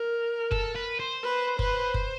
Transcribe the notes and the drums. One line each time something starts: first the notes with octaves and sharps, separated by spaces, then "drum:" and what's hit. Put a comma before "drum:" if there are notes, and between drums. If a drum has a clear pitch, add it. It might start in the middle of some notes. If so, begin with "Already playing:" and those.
Already playing: A#4
A4, drum: kick F#1
B4
C5
B4
B4, drum: kick F#1
drum: kick F#1